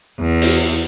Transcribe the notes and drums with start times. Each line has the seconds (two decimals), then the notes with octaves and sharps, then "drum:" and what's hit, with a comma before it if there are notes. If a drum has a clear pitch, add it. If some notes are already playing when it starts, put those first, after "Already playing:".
0.20 E2
0.42 drum: open hi-hat